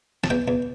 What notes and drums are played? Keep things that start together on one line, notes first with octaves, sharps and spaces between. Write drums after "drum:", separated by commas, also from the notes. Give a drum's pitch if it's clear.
A5, drum: snare
E2 G5
E2